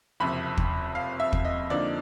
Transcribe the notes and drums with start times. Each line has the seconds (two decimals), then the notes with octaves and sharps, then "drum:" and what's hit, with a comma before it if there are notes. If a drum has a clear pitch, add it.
0.20 F#1 F2 C3 B5
0.57 drum: kick
0.95 F5
1.20 E5
1.33 drum: kick
1.45 D#5
1.70 F2 D3 F3 A#3 D#4 D5